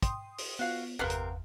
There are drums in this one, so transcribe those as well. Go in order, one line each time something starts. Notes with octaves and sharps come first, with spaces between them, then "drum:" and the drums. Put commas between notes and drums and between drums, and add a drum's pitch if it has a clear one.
G5 C6 D#6, drum: kick, hi-hat
drum: open hi-hat
B3 F4 F#4 F5
G1 E2 C3 C4 A#4 B4 F5 F#5
drum: hi-hat